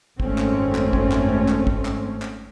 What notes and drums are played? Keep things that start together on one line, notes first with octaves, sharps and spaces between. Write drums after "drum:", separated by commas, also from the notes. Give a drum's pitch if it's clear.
G#1 F#2 A3 C4 C#4, drum: kick
drum: clap
drum: clap
drum: kick
drum: clap
drum: clap
drum: kick
drum: clap
drum: clap